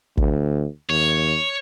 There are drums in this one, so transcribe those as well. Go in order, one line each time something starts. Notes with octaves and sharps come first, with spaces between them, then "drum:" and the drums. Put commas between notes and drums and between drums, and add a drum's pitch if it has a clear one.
D2, drum: kick
D#2 C#5